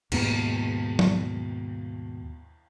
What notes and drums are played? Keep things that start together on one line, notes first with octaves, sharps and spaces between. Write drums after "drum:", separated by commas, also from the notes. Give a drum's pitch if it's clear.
D#2 G#2 B2 A#3, drum: cymbal
drum: tom